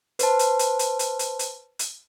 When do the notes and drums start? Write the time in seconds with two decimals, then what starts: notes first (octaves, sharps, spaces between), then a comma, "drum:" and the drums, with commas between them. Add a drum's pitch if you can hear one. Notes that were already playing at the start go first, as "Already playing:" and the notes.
0.19 B4 C5 A5, drum: hi-hat
0.39 drum: hi-hat
0.59 drum: hi-hat
0.79 drum: hi-hat
0.99 drum: hi-hat
1.19 drum: hi-hat
1.39 drum: hi-hat
1.79 drum: hi-hat